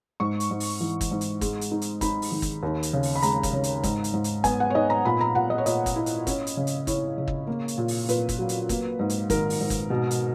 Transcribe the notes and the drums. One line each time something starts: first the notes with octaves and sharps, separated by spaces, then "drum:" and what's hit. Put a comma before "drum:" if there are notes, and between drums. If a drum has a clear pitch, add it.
G#2 C#6
drum: hi-hat
G#2
drum: open hi-hat
E3
drum: kick, hi-hat
G#2
drum: hi-hat
G#3, drum: kick, hi-hat
drum: hi-hat
D#4
drum: hi-hat
D#4 B5, drum: kick, hi-hat
drum: open hi-hat
D#3
drum: kick, hi-hat
D#2
drum: hi-hat
C#3
drum: open hi-hat
B5
G#3 A#5, drum: hi-hat
drum: kick, hi-hat
C#3
drum: hi-hat
G#2, drum: kick, hi-hat
drum: hi-hat
G#2
drum: hi-hat
B3 G#5, drum: kick, hi-hat
F#5
C#5
D#4 D#5
A#5
A#2 B5
A#5
A#2 F#5
D#5
C#5
A#2 D#5, drum: hi-hat
drum: kick, hi-hat
E4
drum: hi-hat
C#4, drum: kick, hi-hat
drum: hi-hat
C#3
drum: hi-hat
E4 C#5, drum: kick, hi-hat
C#3
drum: kick
A#3
drum: hi-hat
A#2
drum: open hi-hat
A#2 B4, drum: hi-hat
drum: kick, hi-hat
F#3
drum: hi-hat
A#3, drum: kick, hi-hat
G#2
drum: hi-hat
D#3 A#4, drum: kick, hi-hat
drum: open hi-hat
G#2
drum: kick, hi-hat
B2
drum: hi-hat